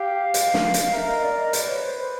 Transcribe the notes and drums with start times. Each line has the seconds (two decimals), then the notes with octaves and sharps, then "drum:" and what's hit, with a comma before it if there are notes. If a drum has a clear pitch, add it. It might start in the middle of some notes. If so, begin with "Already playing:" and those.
Already playing: G4 F5
0.34 drum: hi-hat
0.54 drum: snare
0.74 drum: hi-hat
0.93 A#4 E5
1.08 D#5
1.23 D5
1.38 D#5
1.53 B4 D5, drum: hi-hat
1.68 C#5
1.83 C5
1.99 C5